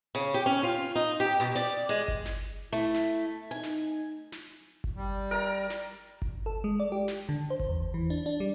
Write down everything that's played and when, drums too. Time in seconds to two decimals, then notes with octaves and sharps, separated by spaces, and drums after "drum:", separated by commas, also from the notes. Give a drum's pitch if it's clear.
0.15 C#3
0.34 G4
0.46 C#4
0.63 F4
0.95 D#4
1.20 G4
1.40 B2
1.55 D5, drum: snare
1.89 G#3
2.08 drum: kick G1
2.25 drum: snare
2.72 A3 E4
2.94 drum: snare
3.51 D#4 G#5
3.63 drum: snare
4.32 drum: snare
4.84 drum: kick G1
4.96 G3
5.31 A#4 A#5
5.70 drum: snare
6.22 drum: kick G1
6.46 A4
6.64 G#3
6.80 D5
6.92 G4
7.08 drum: snare
7.29 D3
7.50 C5
7.60 drum: kick G1
7.69 E2
7.94 E3
8.10 D4
8.26 D4
8.40 G3